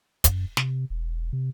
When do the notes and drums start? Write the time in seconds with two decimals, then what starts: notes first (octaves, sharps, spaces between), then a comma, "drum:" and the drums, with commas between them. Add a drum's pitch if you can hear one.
0.24 F#2, drum: kick, hi-hat
0.57 C3, drum: snare
0.90 E1
1.33 C3